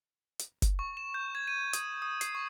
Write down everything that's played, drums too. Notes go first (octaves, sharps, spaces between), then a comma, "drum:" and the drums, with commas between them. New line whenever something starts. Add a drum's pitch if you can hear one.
drum: hi-hat
drum: kick F#1, hi-hat
C#6
E7
G6
G#6
D#7
D#6, drum: hi-hat
D#6
C7, drum: hi-hat
C#6